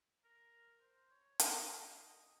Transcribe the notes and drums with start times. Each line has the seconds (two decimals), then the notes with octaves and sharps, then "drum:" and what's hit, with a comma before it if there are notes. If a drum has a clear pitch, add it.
0.24 A#4
0.81 C5
1.11 C#5
1.39 D#5, drum: hi-hat
1.89 F5
1.97 D#5